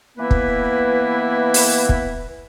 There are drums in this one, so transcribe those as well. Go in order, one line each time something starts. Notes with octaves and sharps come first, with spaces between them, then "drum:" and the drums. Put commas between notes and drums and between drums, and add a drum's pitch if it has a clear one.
E3 A#3 B3 E4 B4
drum: kick
drum: open hi-hat
drum: kick